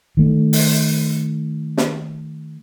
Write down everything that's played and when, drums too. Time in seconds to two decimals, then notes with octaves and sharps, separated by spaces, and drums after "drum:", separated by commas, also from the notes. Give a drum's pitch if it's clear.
0.17 D#3 A3
0.53 drum: open hi-hat
1.77 drum: snare